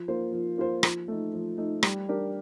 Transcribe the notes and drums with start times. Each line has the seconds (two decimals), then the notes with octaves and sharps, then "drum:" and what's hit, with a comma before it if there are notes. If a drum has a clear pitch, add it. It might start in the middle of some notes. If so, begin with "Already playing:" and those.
Already playing: F3
0.08 A#3 F4 C5
0.32 F3
0.58 A#3 F4 C5
0.83 F3, drum: rim click
1.08 A3 D#4
1.33 F3
1.58 A3 D#4
1.83 G3, drum: rim click
2.09 D4 G4 A#4